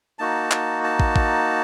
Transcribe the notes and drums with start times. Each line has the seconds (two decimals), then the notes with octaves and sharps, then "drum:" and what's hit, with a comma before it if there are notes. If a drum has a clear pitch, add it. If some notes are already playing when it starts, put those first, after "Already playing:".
0.19 A#3 D#4 F#4 A5
0.51 drum: clap
0.84 A5
1.00 drum: kick
1.16 drum: kick